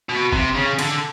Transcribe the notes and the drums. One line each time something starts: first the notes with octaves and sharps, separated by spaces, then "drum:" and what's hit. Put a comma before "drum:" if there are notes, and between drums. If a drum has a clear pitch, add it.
B2
C3, drum: kick F#1
C#3
D3, drum: cymbal